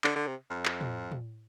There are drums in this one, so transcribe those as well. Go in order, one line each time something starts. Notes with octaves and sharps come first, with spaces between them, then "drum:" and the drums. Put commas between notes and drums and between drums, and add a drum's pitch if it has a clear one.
D3, drum: clap
D3
C3
F2
drum: clap
drum: tom
drum: tom